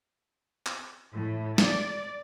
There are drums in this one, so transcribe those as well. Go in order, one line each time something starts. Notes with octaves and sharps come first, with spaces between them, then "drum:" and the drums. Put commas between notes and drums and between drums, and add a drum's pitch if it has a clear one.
drum: clap
A2
D5, drum: snare